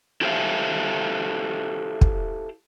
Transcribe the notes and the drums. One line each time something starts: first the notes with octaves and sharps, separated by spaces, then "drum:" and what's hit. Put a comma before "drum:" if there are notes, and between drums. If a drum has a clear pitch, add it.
E4 G4 A4 C5 E5 F5
drum: kick